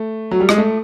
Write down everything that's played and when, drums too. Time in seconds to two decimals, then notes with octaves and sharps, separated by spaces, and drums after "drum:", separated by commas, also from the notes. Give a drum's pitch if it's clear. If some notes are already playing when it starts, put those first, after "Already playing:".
Already playing: A3
0.31 F#3
0.40 G3
0.49 G#3, drum: rim click
0.58 A3